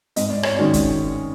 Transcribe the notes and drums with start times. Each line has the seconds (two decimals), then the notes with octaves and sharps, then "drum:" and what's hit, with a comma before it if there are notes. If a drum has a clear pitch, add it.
0.16 G#2 D#5, drum: hi-hat
0.29 D5
0.43 C#5, drum: rim click
0.56 D#3 G#3 C#4 D5
0.74 drum: kick, hi-hat